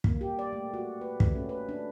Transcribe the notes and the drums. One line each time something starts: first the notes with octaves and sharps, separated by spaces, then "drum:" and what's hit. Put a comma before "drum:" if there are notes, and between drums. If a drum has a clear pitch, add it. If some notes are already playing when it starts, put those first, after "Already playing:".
A#3, drum: kick
G4
D5
A3
F#4
B4
A3, drum: kick
C#4
B4
D4